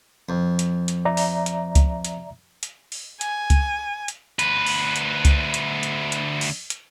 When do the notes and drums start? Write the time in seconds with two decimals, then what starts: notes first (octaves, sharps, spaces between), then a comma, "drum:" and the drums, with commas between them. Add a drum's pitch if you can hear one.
0.29 F2
0.59 drum: hi-hat
0.88 drum: hi-hat
1.05 D5 E5 A#5
1.17 drum: open hi-hat
1.46 drum: hi-hat
1.75 drum: kick C#2, hi-hat
2.05 drum: hi-hat
2.63 drum: hi-hat
2.92 drum: open hi-hat
3.21 G#5, drum: hi-hat
3.50 drum: kick C#2, hi-hat
4.08 drum: hi-hat
4.39 D2 B4, drum: hi-hat
4.67 drum: open hi-hat
4.96 drum: hi-hat
5.25 drum: kick C#2, hi-hat
5.54 drum: hi-hat
5.83 drum: hi-hat
6.12 drum: hi-hat
6.41 drum: open hi-hat
6.70 drum: hi-hat